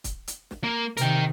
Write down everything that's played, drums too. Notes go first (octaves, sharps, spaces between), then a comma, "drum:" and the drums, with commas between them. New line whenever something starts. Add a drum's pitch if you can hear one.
drum: kick, hi-hat
drum: hi-hat
drum: snare
A#3
C3 D#3 A#4 G5, drum: hi-hat